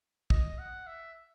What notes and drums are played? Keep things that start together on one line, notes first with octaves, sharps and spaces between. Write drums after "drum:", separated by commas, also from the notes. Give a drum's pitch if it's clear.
D#5, drum: kick
F#5
E5